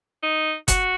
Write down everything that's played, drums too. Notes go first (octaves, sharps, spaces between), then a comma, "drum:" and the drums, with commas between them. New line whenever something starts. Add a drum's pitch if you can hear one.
D#4
F#4, drum: kick F#1, hi-hat